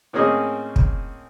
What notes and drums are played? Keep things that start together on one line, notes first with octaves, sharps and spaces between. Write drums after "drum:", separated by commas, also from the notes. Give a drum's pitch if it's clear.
A2 A#3 C4 C#4 G#4 D#5
drum: kick